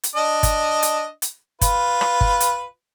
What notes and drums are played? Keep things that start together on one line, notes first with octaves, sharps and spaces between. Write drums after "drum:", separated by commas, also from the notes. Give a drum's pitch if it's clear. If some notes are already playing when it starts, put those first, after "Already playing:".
drum: hi-hat
D4 D#5
drum: kick G1, hi-hat
drum: hi-hat
drum: hi-hat
F4 B4, drum: kick G1, hi-hat
drum: rim click
drum: kick G1
drum: hi-hat